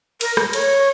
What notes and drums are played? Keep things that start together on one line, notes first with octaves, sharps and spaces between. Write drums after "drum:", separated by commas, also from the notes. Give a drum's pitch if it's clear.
A#4, drum: cymbal
A#4, drum: rim click
C#5, drum: cymbal